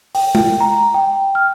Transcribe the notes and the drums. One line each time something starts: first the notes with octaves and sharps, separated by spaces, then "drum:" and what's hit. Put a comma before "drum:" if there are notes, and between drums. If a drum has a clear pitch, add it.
G5, drum: open hi-hat
drum: tom G#3
A#5
G5
F6